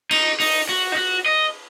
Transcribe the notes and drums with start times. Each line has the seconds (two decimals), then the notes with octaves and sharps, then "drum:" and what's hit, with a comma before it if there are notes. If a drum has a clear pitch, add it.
0.11 D#4, drum: cymbal
0.40 D#4, drum: open hi-hat
0.69 F#4
0.92 D#4
0.97 F#4
1.26 D#5